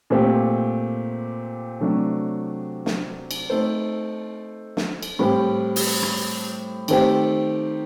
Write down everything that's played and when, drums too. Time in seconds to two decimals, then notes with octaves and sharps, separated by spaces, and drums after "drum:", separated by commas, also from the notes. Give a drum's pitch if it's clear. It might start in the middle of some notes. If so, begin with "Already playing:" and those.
0.10 A#2 A3 C4 G4
1.80 C3 F#3 A3 D4
2.86 drum: snare
3.31 drum: cymbal
3.50 A3 C4 D#4 A4 C5
4.77 drum: snare
5.03 drum: cymbal
5.19 A2 G3 C4 G4
5.76 drum: open hi-hat
6.03 drum: rim click
6.88 D#3 A3 C4 G4 C5, drum: cymbal